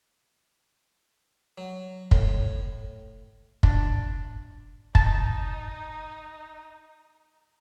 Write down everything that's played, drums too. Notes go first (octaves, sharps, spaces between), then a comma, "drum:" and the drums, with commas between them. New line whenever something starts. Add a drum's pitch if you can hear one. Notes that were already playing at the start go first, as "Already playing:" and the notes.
F#3
A2, drum: kick
D4, drum: kick
D#4 A5, drum: kick